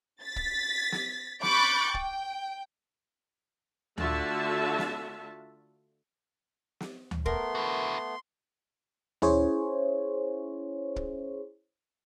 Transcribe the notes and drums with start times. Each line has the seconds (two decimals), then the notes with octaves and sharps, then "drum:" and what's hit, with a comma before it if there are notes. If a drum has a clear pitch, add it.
0.24 A6 B6
0.36 drum: kick
0.92 drum: snare
1.43 B5 C#6 D6 F#6 G6 A6, drum: snare
1.94 G5, drum: kick
3.98 D3 A3 F4 F#4 E5 A5, drum: tom D2
4.79 drum: snare
6.80 drum: snare
7.11 drum: tom D2
7.26 A3 B3 A#4 C6, drum: kick
7.55 E4 F#4
9.22 C#4 E4 G#4 C5 C#5, drum: tom D2
10.96 drum: kick